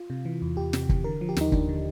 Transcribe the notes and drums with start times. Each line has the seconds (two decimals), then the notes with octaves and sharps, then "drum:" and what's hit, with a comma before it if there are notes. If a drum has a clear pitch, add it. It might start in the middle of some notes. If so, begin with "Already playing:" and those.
Already playing: F4
0.10 C3
0.25 E3
0.42 E2
0.57 E2 G4
0.73 C3, drum: snare
0.89 E3, drum: kick
1.04 D3 A#4
1.21 F3
1.29 G4
1.37 D#2 D#4, drum: snare
1.52 D#2 D4, drum: kick
1.69 D3